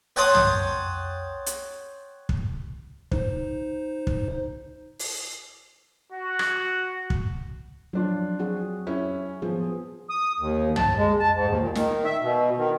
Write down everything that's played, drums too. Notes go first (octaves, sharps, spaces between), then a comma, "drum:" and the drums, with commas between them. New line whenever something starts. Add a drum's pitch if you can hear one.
C#5 F#5 G5 A5 C6 D#6
drum: tom
drum: hi-hat
drum: kick
D#4 C5, drum: kick
drum: kick
drum: open hi-hat
F#4
drum: rim click
drum: kick
F3 F#3 D4 F4
C4 F#4 G#4
C#4 E4
F3 B3 G#4
D#6
D#2
A5, drum: tom
G#3
A5
G#2
D#2
A#2
D#3, drum: snare
E5
B2
D#3